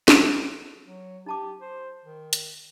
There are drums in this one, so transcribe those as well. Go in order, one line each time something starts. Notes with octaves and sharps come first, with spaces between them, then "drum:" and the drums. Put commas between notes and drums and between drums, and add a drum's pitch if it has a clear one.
drum: snare
F#3
D#4 G4 A5 D6
C5
D#3
drum: hi-hat